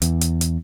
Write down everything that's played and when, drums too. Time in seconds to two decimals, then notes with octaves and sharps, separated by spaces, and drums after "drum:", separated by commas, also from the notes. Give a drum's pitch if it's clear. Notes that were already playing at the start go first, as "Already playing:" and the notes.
0.02 E2, drum: hi-hat
0.21 drum: hi-hat
0.41 drum: hi-hat